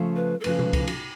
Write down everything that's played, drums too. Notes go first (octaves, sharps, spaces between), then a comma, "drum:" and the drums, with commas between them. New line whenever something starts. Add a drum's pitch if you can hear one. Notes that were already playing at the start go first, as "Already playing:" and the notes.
Already playing: C#3 F3 A3
B4
A4
C#3 F3 A3 B4, drum: cymbal
drum: tom B2
drum: kick, cymbal
drum: cymbal